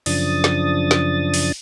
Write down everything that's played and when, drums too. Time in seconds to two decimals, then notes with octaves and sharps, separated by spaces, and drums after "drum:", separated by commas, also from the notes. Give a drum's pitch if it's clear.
0.06 F#2 C#3 F3 D4 D#6 A6, drum: open hi-hat
0.44 drum: snare
0.91 drum: snare
1.34 drum: open hi-hat